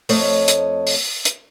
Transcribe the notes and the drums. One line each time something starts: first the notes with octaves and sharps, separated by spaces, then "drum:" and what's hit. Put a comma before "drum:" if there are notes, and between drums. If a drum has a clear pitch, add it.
F2 A3 C#5 D#5, drum: open hi-hat
drum: hi-hat
drum: open hi-hat
drum: hi-hat